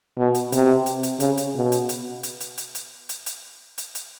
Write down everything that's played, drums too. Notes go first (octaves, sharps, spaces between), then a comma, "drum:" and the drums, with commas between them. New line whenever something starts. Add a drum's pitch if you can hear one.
B2
drum: hi-hat
C3, drum: hi-hat
drum: hi-hat
drum: hi-hat
C#3, drum: hi-hat
drum: hi-hat
B2
drum: hi-hat
drum: hi-hat
drum: hi-hat
drum: hi-hat
drum: hi-hat
drum: hi-hat
drum: hi-hat
drum: hi-hat
drum: hi-hat
drum: hi-hat